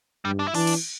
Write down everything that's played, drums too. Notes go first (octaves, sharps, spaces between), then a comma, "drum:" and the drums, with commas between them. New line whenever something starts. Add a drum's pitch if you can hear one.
G2 G3
D4
E4
E3 D4, drum: open hi-hat
drum: cymbal